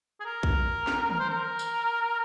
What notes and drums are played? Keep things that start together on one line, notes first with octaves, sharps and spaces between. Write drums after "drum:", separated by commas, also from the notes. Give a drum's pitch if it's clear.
G#4
A#4
drum: kick
drum: snare
A#4, drum: tom D#3
C5
A#4
drum: tambourine